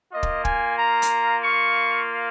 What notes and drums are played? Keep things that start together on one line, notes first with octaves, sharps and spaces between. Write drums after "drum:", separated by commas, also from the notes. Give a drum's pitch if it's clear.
A#3 F4 D#5
drum: kick
G#5, drum: kick
A#5
drum: hi-hat
C#6